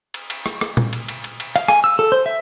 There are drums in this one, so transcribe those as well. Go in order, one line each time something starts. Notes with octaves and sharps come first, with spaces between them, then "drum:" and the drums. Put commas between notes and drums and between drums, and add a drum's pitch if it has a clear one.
drum: cymbal
drum: cymbal
drum: rim click
drum: rim click
drum: tom A#2
drum: cymbal
drum: cymbal
drum: cymbal
drum: cymbal
F5, drum: cymbal
G#5, drum: rim click
E6
A4
C5
E5